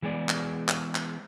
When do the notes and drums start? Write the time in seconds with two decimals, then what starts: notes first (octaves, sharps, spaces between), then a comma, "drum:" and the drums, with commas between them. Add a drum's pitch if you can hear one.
0.02 E3 G#3 B3 G#4 D5
0.29 drum: clap
0.68 drum: clap
0.95 drum: clap